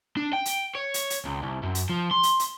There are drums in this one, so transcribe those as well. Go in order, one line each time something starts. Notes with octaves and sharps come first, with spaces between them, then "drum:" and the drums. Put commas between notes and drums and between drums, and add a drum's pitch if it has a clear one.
D4
G5
drum: hi-hat
C#5
drum: hi-hat
drum: hi-hat
C#2
C2
F#2
drum: hi-hat
F3
C6
drum: hi-hat
drum: hi-hat